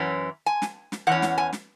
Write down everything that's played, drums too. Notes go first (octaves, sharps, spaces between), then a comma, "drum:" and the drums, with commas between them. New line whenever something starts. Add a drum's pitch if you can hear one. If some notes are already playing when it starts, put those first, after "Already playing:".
Already playing: F#2 E3 C#4
G#5
drum: snare
drum: snare
E2 E3 C#4 F#5
drum: snare
G#5
drum: snare